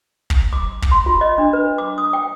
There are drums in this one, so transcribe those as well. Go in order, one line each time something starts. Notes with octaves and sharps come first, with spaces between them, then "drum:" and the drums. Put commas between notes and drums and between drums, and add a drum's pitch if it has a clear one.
drum: kick
D6
drum: kick
C6
F4
D#5
D4
B4
D6
D#6
G5